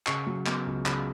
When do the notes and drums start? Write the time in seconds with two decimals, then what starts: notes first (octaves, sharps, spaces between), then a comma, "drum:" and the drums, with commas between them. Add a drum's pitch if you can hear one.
0.07 C#3 C#6, drum: clap
0.27 F#3
0.46 B3, drum: clap
0.67 C#2
0.86 C#3 B5, drum: clap